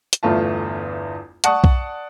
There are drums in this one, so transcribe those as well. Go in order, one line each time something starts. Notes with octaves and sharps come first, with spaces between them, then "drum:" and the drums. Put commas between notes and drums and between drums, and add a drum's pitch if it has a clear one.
drum: hi-hat
G1 E2 A3 F4 A5
D5 F#5 A5 C#6 D#6, drum: hi-hat
drum: kick B1